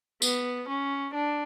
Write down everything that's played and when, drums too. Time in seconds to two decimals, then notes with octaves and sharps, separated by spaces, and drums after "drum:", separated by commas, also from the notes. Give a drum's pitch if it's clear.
0.22 B3, drum: tambourine
0.68 C#4
1.14 D4